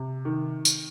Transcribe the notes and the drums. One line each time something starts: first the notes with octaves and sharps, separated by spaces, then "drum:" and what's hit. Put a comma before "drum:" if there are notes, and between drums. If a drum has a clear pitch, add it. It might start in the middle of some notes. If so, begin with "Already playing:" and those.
Already playing: C3
D#3
drum: tambourine